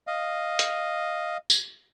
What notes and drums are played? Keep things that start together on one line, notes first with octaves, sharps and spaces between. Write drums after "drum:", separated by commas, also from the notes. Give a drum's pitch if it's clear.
D#5 F5
drum: hi-hat
drum: tambourine